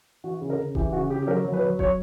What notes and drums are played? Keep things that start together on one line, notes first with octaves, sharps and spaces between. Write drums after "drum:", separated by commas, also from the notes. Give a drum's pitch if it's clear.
E3 F#4
C#3
A#4
C#3
E3 G4, drum: kick D#1
C#3 F#4
C#3 G4
G4
F#3 A#4
F#3
B4
F#3
F#3 C#5, drum: kick D#1